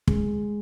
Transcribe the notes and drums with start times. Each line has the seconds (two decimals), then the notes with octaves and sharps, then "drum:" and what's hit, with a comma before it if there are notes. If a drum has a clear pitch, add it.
0.08 G#3, drum: kick